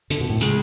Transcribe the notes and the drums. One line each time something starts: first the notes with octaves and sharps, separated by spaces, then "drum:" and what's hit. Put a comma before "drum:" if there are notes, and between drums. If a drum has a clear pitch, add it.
D3, drum: hi-hat
B2
A2
C#3 G#3, drum: hi-hat